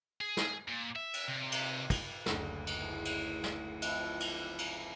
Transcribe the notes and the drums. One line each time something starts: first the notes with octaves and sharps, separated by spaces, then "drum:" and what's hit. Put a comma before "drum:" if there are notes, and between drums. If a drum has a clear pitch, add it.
G#4
drum: snare
A#2
E5
drum: cymbal
C3
drum: cymbal
drum: kick, cymbal
F#1 D2, drum: snare
drum: cymbal
A2 G#4 C6
drum: cymbal
drum: snare
F3 C4 E4, drum: cymbal
drum: cymbal
drum: cymbal